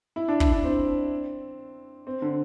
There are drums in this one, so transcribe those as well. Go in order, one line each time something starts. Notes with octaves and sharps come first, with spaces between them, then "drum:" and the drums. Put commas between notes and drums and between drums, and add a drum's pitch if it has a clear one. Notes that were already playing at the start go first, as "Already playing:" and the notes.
E4
D4
E4, drum: kick
D4
C4
C4
D3